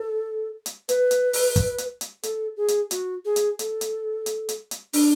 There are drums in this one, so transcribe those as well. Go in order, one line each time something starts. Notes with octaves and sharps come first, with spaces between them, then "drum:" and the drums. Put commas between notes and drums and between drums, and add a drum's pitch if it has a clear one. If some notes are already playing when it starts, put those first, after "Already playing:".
Already playing: A4
drum: hi-hat
B4, drum: hi-hat
drum: hi-hat
drum: open hi-hat
drum: kick, hi-hat
drum: hi-hat
drum: hi-hat
A4, drum: hi-hat
G#4
drum: hi-hat
F#4, drum: hi-hat
G#4
drum: hi-hat
A4, drum: hi-hat
drum: hi-hat
drum: hi-hat
drum: hi-hat
drum: hi-hat
D4, drum: open hi-hat